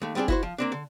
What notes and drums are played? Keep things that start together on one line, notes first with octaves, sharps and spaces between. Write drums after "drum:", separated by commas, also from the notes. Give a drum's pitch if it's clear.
D#2 A3
G3 B3 C4 D4 G#4
E4 F#4 C5, drum: kick F#1
F3
A#3 C4 D4
D3